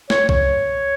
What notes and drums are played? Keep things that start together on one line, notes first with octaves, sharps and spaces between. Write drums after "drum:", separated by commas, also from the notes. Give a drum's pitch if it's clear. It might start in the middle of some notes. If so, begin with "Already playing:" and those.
C#5, drum: snare
C#5, drum: kick